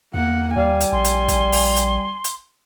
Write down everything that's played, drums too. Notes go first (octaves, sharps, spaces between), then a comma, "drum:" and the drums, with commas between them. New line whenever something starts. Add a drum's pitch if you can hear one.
E2 A#3 F#5
D#2 G3 F5 G#5
drum: hi-hat
A#1 C6
drum: hi-hat
drum: kick, hi-hat
drum: open hi-hat
drum: hi-hat
drum: hi-hat